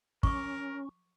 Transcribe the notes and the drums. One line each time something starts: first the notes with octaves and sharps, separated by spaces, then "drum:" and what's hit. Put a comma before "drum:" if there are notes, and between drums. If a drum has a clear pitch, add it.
C#4 A#4 C#6 D6, drum: kick